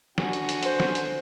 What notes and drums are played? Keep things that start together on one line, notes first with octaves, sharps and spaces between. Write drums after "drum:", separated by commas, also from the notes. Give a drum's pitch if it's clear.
D3 F#4 G#5, drum: snare
drum: hi-hat
drum: hi-hat
C5, drum: hi-hat
drum: snare
drum: hi-hat